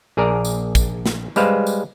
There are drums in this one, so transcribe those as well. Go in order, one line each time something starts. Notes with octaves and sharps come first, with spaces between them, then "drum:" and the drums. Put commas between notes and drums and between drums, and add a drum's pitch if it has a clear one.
A#1 G#4 A#4 D5 A#5
drum: tambourine
drum: kick, tambourine
drum: snare
G3 G#3 B4 C5 F5, drum: tambourine
drum: tambourine